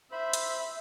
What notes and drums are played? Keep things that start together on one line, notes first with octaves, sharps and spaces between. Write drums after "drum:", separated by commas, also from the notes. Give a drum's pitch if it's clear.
C5 E5 B5
drum: hi-hat